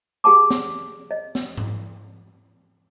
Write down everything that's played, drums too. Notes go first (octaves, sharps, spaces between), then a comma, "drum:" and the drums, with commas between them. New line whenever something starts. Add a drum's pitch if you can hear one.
G4 G#4 F#5 A5 D6
drum: snare
D#5
drum: snare
drum: tom G#2